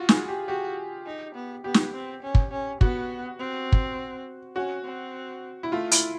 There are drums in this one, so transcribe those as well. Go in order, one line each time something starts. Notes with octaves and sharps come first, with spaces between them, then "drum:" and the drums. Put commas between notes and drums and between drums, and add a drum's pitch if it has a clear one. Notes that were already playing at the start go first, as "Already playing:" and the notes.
Already playing: F4 F#4
G#4, drum: snare
G4
F#4 G4
D#4
B3
B3 G4
drum: snare
C4
C#4
drum: kick
C#4
B3 F#4, drum: kick
C4
drum: kick
C#4 F#4
C4
E4
A3 F4
E4, drum: hi-hat